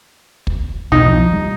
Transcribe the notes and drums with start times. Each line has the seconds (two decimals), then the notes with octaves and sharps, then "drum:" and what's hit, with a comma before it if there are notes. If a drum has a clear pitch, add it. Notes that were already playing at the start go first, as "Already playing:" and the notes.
0.47 drum: kick
0.92 E1 C2 B2 D#4
1.06 F3
1.33 G3